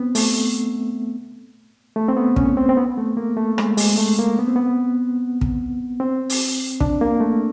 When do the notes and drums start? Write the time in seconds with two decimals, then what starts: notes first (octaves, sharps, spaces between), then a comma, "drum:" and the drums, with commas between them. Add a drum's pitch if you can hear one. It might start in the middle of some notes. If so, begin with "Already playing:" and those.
Already playing: B3 C4
0.15 A3, drum: open hi-hat
1.96 A3
2.08 C4
2.16 B3
2.36 C#4, drum: kick
2.57 C4
2.69 C4
2.77 B3
2.97 A3
3.17 A#3
3.37 A3
3.58 G#3, drum: rim click
3.77 G#3, drum: open hi-hat
3.98 A3
4.19 A#3
4.39 B3
4.48 C4
4.56 B3
5.41 drum: kick
6.00 C4
6.30 drum: open hi-hat
6.80 D4, drum: kick
7.01 A#3
7.20 A3